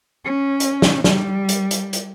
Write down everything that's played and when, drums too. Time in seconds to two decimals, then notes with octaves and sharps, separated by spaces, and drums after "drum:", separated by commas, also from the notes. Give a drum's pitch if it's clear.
0.24 C#4
0.60 drum: hi-hat
0.82 drum: snare
1.04 G3, drum: snare
1.49 drum: hi-hat
1.71 drum: hi-hat
1.93 drum: hi-hat